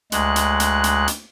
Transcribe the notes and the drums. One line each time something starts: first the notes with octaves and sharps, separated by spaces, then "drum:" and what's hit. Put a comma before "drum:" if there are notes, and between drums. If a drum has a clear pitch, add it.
D2 G#3 F#6, drum: hi-hat
drum: hi-hat
drum: hi-hat
drum: hi-hat
drum: hi-hat